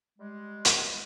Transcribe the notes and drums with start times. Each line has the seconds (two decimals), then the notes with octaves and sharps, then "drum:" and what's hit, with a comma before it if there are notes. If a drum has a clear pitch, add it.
0.19 G3 G#3
0.65 drum: hi-hat